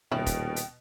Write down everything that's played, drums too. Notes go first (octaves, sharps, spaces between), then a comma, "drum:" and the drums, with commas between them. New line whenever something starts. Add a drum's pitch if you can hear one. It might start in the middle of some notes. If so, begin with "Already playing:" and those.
D#1 B2 C#4 E4 G5
drum: kick F1, hi-hat
drum: hi-hat